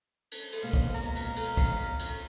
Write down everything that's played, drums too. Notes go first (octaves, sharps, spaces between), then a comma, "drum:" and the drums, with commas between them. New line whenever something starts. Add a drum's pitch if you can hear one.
drum: cymbal
drum: cymbal
B2 G#3 A#3 F5
drum: kick
A#5, drum: cymbal
drum: cymbal
drum: cymbal
drum: kick, cymbal
drum: cymbal